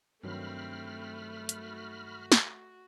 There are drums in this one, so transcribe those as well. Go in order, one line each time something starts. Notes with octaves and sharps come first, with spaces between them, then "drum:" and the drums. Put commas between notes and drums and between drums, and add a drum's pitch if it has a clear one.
G2 D#3 F#3 A3 C4 B5 F6
drum: hi-hat
F#4
drum: snare